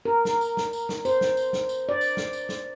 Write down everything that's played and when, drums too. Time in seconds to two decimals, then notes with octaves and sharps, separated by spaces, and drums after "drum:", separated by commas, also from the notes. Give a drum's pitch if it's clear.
0.05 A#4
0.25 drum: snare
0.41 drum: tambourine
0.57 drum: snare
0.73 drum: tambourine
0.89 drum: snare
1.05 C5, drum: tambourine
1.21 drum: snare
1.37 drum: tambourine
1.53 drum: snare
1.69 drum: tambourine
1.89 D5
2.01 drum: tambourine
2.17 drum: snare
2.33 drum: tambourine
2.49 drum: snare